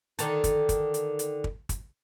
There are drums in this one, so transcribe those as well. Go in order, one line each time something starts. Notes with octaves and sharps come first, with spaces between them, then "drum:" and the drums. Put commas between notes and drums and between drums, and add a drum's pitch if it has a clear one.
D3 D#3 A4, drum: hi-hat
drum: kick, hi-hat
drum: kick, hi-hat
drum: hi-hat
drum: hi-hat
drum: kick
drum: kick, hi-hat